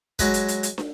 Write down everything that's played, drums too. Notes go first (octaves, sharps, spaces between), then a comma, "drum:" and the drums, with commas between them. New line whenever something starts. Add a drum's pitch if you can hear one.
F#3 G#3 B4, drum: kick, hi-hat
drum: hi-hat
drum: hi-hat
drum: hi-hat
drum: snare